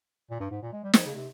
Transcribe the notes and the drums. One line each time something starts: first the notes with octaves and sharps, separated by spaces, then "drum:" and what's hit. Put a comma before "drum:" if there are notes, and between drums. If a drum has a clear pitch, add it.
A#2
G2
G#2
A#2
G#3
G3
F3, drum: snare
C#3
C3